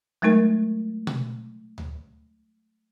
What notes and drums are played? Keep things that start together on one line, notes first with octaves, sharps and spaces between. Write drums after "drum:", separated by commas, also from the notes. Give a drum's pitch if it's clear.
F#3 G#3 A3 D#4 A#4
drum: tom B2
drum: tom D2